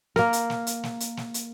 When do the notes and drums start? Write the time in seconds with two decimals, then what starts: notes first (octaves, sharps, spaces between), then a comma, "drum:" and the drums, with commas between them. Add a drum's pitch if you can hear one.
0.16 A#3 A#4, drum: snare
0.33 drum: hi-hat
0.50 drum: snare
0.67 drum: hi-hat
0.84 drum: snare
1.00 drum: hi-hat
1.17 drum: snare
1.34 drum: hi-hat